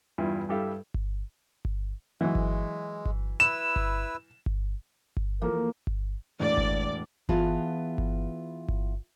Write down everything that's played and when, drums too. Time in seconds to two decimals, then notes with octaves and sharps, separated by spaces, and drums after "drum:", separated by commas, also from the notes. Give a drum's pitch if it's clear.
0.18 E2 G2 E4 F4
0.49 G2 E4 G4 A4 E5 F5
0.94 drum: kick G1
1.65 drum: kick G1
2.21 E3 F#3 G#3
2.35 drum: kick G1
3.05 drum: kick G1
3.40 E4 B4 E6 E7
3.76 drum: kick G1
4.46 drum: kick G1
5.17 drum: kick G1
5.42 E2 F3 A3 A#3 A#4
5.87 drum: kick G1
6.40 E1 A2 D5
6.57 drum: kick G1
7.29 E3 B3 F4 G#4 F5 A5, drum: kick G1
7.98 drum: kick G1
8.68 drum: kick G1